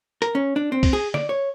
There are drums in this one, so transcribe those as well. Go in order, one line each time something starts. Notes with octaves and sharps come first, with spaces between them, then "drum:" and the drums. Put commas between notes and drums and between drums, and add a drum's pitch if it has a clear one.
A#4, drum: hi-hat
C#4
D4
C4
drum: kick, open hi-hat
G#4
D5, drum: snare D3
C#5